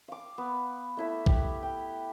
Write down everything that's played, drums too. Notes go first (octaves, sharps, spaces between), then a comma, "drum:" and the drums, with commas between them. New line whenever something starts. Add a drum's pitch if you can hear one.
F5 D6
B3
A3 E4 E5
G4, drum: kick
G5